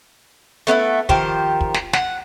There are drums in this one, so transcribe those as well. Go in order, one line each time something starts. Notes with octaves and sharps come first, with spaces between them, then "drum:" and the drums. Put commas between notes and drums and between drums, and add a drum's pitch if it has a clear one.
A3 B3 D#4 E4
D#3 F3 G4 C5, drum: kick
drum: kick
drum: snare
F#5, drum: snare